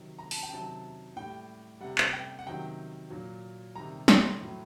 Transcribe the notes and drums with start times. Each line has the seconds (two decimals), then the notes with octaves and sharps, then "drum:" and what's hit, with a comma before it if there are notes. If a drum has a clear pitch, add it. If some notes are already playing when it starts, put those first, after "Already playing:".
Already playing: C3 D#3 F#3
0.19 A#5
0.31 A5, drum: open hi-hat
0.43 G5
0.52 C3 D#3 F#3 A5
1.16 A2 G3 G5
1.81 C3 G3 F#5
1.98 drum: clap
2.13 G5
2.39 F#5
2.46 C3 D#3 F#3 G5
3.11 A#2 F#3
3.76 C3 D#3 G3 A#5
4.08 C6, drum: snare
4.41 A2 F#3